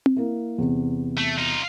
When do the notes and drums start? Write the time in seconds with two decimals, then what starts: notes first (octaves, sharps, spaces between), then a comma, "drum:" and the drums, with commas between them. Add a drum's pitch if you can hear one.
0.06 drum: tom C4
0.17 A#3 E4
0.58 E2 C3
1.18 A3
1.38 D#4 F4